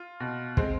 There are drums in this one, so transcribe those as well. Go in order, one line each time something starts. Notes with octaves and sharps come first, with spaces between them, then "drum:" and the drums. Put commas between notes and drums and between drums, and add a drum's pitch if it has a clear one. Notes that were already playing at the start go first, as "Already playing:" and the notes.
Already playing: F4
B2
G#3 C4, drum: kick